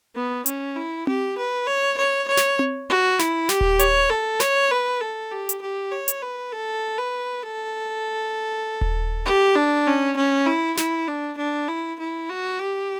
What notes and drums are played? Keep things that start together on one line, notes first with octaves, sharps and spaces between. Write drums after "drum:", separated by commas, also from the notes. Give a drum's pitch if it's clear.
B3
C#4, drum: hi-hat
E4
G4, drum: tom C4
B4
C#5
C#5
C#5
drum: snare
drum: tom C4
F#4
E4, drum: snare
G4, drum: snare
drum: kick D#1
C#5, drum: hi-hat
A4
C#5, drum: snare
B4
A4
G4
drum: hi-hat
G4
C#5
drum: hi-hat
B4
A4
B4
A4
drum: kick D#1
G4
D4
C#4
C#4
E4
E4, drum: snare
D4
D4
E4
E4
F#4
G4